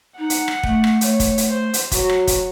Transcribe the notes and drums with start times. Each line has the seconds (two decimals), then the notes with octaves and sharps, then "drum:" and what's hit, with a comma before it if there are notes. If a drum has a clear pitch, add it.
0.18 D#4 F#5
0.30 drum: hi-hat
0.48 drum: rim click
0.63 A3, drum: kick
0.84 drum: rim click
1.01 A3 C#5, drum: hi-hat
1.20 drum: kick, hi-hat
1.38 drum: hi-hat
1.50 C5
1.74 drum: hi-hat
1.92 F#3 F#4, drum: kick, hi-hat
2.09 drum: rim click
2.27 drum: kick, hi-hat